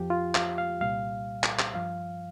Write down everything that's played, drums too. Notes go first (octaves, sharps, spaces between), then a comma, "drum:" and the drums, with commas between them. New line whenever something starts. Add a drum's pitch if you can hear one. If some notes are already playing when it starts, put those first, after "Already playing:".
Already playing: F2 F3 G4
F4
F5, drum: clap
F5
C2 A#2 G3 F5
drum: clap
drum: clap
G2 F3 F5